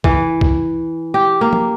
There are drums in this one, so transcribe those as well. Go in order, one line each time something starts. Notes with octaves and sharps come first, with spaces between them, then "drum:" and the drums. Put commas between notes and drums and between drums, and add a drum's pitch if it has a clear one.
E3, drum: kick C#2
drum: kick C#2
G4
A#3
drum: tom